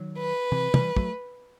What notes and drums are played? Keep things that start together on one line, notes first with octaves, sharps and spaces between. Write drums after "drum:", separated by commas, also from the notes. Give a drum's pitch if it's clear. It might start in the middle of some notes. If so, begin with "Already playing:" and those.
Already playing: D#3 F#3
B4
C3 E3
E3 G3, drum: tom
F#3 A3, drum: kick